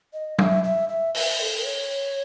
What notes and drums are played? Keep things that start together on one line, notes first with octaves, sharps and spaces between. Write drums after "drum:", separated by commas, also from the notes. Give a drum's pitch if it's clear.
D#5
E5, drum: tom F#3
E5
E5
E5, drum: open hi-hat
A4
C#5